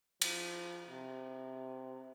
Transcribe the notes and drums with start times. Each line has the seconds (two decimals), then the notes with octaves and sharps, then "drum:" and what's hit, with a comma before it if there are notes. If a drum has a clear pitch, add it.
0.21 F3, drum: cymbal
0.89 C3